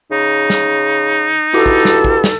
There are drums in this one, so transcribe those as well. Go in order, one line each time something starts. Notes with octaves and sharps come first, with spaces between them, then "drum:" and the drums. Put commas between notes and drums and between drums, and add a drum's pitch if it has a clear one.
C#3 D#4
drum: snare
G2 E4 F#4 A4 D6
drum: kick
drum: snare
drum: kick
drum: snare